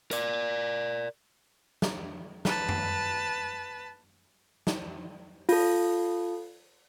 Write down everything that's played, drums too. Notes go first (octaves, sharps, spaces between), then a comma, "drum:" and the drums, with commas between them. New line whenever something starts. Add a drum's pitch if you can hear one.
A#4 D5, drum: hi-hat
drum: snare
B4 A5, drum: snare
drum: tom F#2
drum: snare
F4 A4, drum: open hi-hat